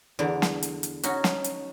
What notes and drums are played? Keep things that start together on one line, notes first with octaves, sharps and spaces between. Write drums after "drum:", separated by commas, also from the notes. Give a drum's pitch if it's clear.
E2 D3 D5 A#5
drum: snare
drum: hi-hat
drum: hi-hat
C#4 D#4 F#4, drum: hi-hat
drum: snare
drum: hi-hat